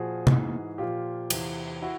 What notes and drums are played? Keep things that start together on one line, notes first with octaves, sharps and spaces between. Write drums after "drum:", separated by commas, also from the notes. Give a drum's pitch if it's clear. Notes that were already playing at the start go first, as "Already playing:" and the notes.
Already playing: A#2 F3 F#4 G#4
G#2 E3, drum: tom C3
A#2 F3 F4 G4
E2 C3 E3, drum: cymbal
E4 F#4